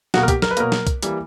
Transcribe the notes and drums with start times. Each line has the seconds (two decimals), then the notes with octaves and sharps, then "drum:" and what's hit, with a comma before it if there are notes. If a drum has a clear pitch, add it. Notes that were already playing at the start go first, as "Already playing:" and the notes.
0.14 B2 A#3 F#4, drum: snare
0.23 A#4
0.28 G4, drum: kick B1, hi-hat
0.42 A#4, drum: snare
0.51 B4
0.57 B2 F#3 A#3 A#4, drum: hi-hat
0.72 drum: snare
0.87 drum: kick B1, hi-hat
1.03 E3 G3 A#3, drum: hi-hat